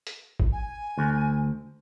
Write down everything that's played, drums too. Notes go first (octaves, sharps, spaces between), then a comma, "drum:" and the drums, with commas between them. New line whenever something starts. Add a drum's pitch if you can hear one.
drum: hi-hat
drum: kick G#1
G#5
D2